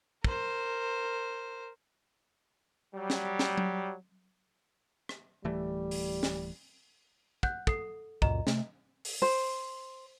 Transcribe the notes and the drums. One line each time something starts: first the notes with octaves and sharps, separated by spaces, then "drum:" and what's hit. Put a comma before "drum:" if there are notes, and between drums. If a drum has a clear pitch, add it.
A#4 C5, drum: kick
F#3 G3
drum: snare
drum: snare
drum: tom F#3
drum: rim click
D1 E3 G3 A3
drum: open hi-hat
drum: snare
F#5 F#6 G6, drum: kick
A4 D#6 C7, drum: kick
C#2 F#2 A#2 D#5 A#5, drum: kick
C3 A3, drum: snare
drum: open hi-hat
C5